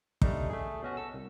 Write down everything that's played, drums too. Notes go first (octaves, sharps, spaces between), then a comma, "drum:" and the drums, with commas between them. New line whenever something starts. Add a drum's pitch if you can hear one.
G3 A3 D4 D#4, drum: kick
A3 G#4
B2 C#4 F#4
A4 E6
C2